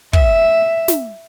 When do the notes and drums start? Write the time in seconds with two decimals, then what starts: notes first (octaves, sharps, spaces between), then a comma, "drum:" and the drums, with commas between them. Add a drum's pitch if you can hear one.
0.13 E5, drum: kick
0.88 drum: snare